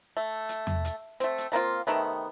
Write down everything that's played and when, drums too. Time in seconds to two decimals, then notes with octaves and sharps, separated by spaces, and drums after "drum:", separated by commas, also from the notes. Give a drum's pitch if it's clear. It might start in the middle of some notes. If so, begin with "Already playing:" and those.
0.17 A3
0.49 drum: hi-hat
0.67 drum: tom E2
0.85 drum: hi-hat
1.20 A3 C4, drum: hi-hat
1.38 drum: hi-hat
1.52 A3 A#3 C4 F4
1.87 C3 D#3 A3 B3